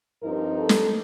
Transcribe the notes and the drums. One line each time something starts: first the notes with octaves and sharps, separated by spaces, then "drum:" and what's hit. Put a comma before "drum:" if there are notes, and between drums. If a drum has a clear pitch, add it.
G2 F3 C4 D#4 A#4
A4
drum: snare